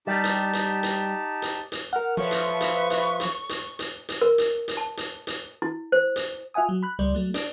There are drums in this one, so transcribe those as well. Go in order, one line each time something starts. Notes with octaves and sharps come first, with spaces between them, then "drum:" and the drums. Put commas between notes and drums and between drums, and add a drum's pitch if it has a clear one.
G3 D#4 G4 A5
drum: hi-hat
drum: hi-hat
drum: hi-hat
drum: hi-hat
drum: hi-hat
A#4 F#5 F6
F3 A4 B4 C#5 E5 C#6
drum: hi-hat
drum: hi-hat
drum: hi-hat
drum: hi-hat
drum: hi-hat
drum: hi-hat
drum: hi-hat
A#4
drum: hi-hat
drum: hi-hat
A5
drum: hi-hat
drum: hi-hat
E4
C5
drum: hi-hat
F4 E5 F#5 G#5 D#6
F#3
B5 F#6
C#2 G3 D5
F#3 A3
D4, drum: hi-hat